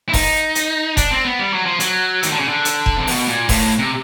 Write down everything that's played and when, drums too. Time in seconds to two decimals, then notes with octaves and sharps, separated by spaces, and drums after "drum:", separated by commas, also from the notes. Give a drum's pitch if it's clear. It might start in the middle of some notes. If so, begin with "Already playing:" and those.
0.09 E4
0.13 D#4, drum: kick F1, open hi-hat
0.55 drum: hi-hat
0.97 D4, drum: kick F1, hi-hat
1.11 C4
1.25 B3
1.39 G3
1.53 F#3
1.66 F3
1.80 F#3, drum: hi-hat
2.23 D#3, drum: hi-hat
2.32 D3
2.39 C#3
2.48 D3
2.65 drum: hi-hat
2.86 drum: kick F1
2.97 C3
3.07 B2, drum: open hi-hat
3.28 A#2
3.49 A2, drum: kick F1, open hi-hat
3.79 C3